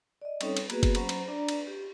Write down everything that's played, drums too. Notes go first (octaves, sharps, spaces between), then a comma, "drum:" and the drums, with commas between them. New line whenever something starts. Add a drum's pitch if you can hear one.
D5 D#5
G3 C4 C#4 D#4 A4 C#5, drum: cymbal
drum: cymbal
A#3 B3 F#4 G#4 B4, drum: cymbal
drum: kick F#1, cymbal
F#3 C#4 C5 A#5 B5, drum: cymbal
drum: cymbal
D4 D5 A#5
drum: cymbal
G4